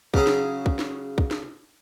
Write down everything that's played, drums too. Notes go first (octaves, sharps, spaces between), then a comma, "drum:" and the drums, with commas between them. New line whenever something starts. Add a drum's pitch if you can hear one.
C#3 F#3 C#4 G#4, drum: kick
drum: snare
drum: kick
drum: snare
drum: kick
drum: snare